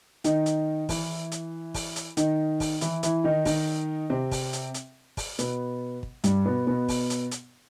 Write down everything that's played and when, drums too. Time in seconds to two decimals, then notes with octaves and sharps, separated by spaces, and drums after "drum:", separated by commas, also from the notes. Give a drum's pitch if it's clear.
0.24 D#3 D#4, drum: hi-hat
0.46 drum: hi-hat
0.89 E3 E4, drum: kick, open hi-hat
1.32 drum: hi-hat
1.74 drum: kick, open hi-hat
1.96 drum: hi-hat
2.17 D#3 D#4, drum: hi-hat
2.60 drum: kick, open hi-hat
2.81 E3 E4, drum: hi-hat
3.03 E3 E4, drum: hi-hat
3.24 D#3 D#4
3.45 D#3 D#4, drum: kick, open hi-hat
4.10 C3 C4
4.31 drum: kick, open hi-hat
4.53 drum: hi-hat
4.74 drum: hi-hat
5.17 drum: kick, open hi-hat
5.38 B2 B3, drum: hi-hat
6.03 drum: kick
6.24 G2 G3, drum: hi-hat
6.45 B2 B3
6.67 B2 B3
6.89 drum: kick, open hi-hat
7.10 drum: hi-hat
7.31 drum: hi-hat